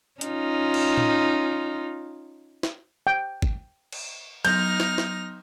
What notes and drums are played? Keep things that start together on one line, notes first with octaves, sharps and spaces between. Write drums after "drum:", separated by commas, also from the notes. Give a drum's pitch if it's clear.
C#4 D#4 F4, drum: hi-hat
drum: cymbal
drum: tom A#2
drum: snare
G5
drum: kick
drum: cymbal
F#3 B3 D#4 C6 F6 G6 A#6, drum: cymbal
drum: snare
drum: snare